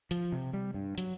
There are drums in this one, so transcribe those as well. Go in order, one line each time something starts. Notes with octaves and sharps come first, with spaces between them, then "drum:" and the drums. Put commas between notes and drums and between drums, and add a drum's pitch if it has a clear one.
F3, drum: hi-hat
C3
G3
G2
F#3, drum: hi-hat